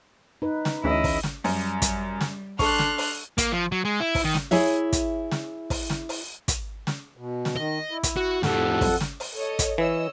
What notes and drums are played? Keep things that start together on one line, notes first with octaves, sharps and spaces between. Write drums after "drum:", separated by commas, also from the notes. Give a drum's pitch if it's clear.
D#4 B4
drum: snare
D2 E3 C#4 E4 G#4 D#5
drum: kick, open hi-hat
drum: snare
F#2 G3, drum: open hi-hat
drum: kick, hi-hat
drum: snare
D4 A4 C6 C#6 F6 F#6, drum: kick, open hi-hat
drum: snare
drum: open hi-hat
A#3, drum: kick, hi-hat
F3
F#3
G#3
E4
drum: kick, open hi-hat
D#3
drum: snare
E4 G#4 C#5 E5, drum: open hi-hat
drum: kick, hi-hat
drum: snare
drum: kick, open hi-hat
drum: snare
drum: open hi-hat
drum: kick, hi-hat
drum: snare
B2
drum: snare
D#3 D#5
E4
drum: kick, hi-hat
F#4
F2 A2 G3 A4 F#5, drum: snare
drum: kick, open hi-hat
drum: snare
drum: open hi-hat
A4 C#5 D#5
drum: kick, hi-hat
E3 C#5 D#5 E6